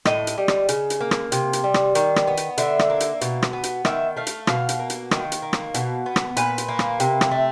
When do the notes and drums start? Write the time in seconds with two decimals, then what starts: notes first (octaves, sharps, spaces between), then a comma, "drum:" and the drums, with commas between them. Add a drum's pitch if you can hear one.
0.05 A2 D#5, drum: rim click
0.27 drum: hi-hat
0.38 G3
0.48 drum: rim click
0.69 C#3, drum: hi-hat
0.90 drum: hi-hat
1.00 A#3
1.11 drum: rim click
1.32 C3, drum: hi-hat
1.53 drum: hi-hat
1.64 G3
1.74 drum: rim click
1.95 D#3, drum: hi-hat
2.16 drum: rim click
2.27 B3
2.37 drum: hi-hat
2.58 D3 E5, drum: hi-hat
2.79 drum: rim click
2.90 A#3
3.00 drum: hi-hat
3.21 B2, drum: hi-hat
3.42 drum: rim click
3.53 B3
3.64 drum: hi-hat
3.85 D#3 E5, drum: rim click
4.17 A3 F5
4.27 drum: hi-hat
4.47 B2 F5, drum: rim click
4.69 drum: hi-hat
4.79 A#3
4.90 drum: hi-hat
5.11 D#3, drum: rim click
5.32 drum: hi-hat
5.42 A#3
5.53 drum: rim click
5.74 B2, drum: hi-hat
6.06 B3
6.16 drum: rim click
6.37 A#2 B4, drum: hi-hat
6.58 drum: hi-hat
6.68 A#3
6.79 drum: rim click
7.00 C3, drum: hi-hat
7.21 drum: rim click
7.31 A3